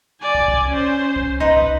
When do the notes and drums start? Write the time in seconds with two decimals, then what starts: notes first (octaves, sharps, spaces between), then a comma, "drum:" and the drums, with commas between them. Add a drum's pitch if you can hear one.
0.21 D5 G#5
0.35 drum: kick
0.48 drum: kick
0.70 C#4 C5
1.16 drum: kick
1.40 D#4 B4 C5, drum: kick
1.57 drum: kick